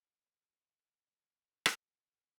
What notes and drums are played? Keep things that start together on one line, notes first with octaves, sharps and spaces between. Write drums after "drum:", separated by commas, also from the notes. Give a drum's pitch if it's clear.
E5
C5 A5 C6
F5
drum: rim click
D#4 F#4 C5 E5